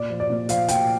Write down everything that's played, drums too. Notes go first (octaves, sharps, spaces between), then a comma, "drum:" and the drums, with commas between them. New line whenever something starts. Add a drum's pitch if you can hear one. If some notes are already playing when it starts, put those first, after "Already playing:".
Already playing: A#2 D5
F3
D5
A#2
F3 F5, drum: hi-hat
A#2 G5, drum: hi-hat